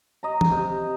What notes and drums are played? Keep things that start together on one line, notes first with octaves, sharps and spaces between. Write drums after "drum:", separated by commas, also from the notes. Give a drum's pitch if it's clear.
D#5 A#5
drum: tom E3
C3